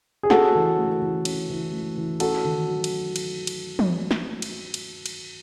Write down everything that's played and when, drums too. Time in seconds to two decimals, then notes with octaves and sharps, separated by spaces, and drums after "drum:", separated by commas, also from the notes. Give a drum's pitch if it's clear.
0.23 G#4
0.30 C#4 F#4 A4, drum: snare
0.55 E3
0.78 A3
1.02 E3
1.25 C#4, drum: cymbal
1.50 E3
1.73 A3
1.97 E3
2.20 C#4 F#4 A4, drum: cymbal
2.45 D#3
2.68 F#3
2.84 drum: cymbal
3.16 drum: cymbal
3.47 drum: cymbal
3.79 drum: tom
4.11 drum: snare
4.42 drum: cymbal
4.74 drum: cymbal
5.06 drum: cymbal